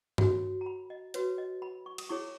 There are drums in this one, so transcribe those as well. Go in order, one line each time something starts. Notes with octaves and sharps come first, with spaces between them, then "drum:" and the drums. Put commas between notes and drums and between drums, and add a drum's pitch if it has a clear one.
F#4 A#4 C#5, drum: tom G2
A#5
B5
D#5
F#4 B4 C#5, drum: hi-hat
D#5
B5
C#6
D#6, drum: cymbal
E4 G#4 C#5 C#6